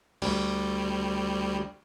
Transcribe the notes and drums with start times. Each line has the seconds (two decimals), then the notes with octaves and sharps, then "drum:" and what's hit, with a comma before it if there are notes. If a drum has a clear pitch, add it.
0.22 D2 G3, drum: cymbal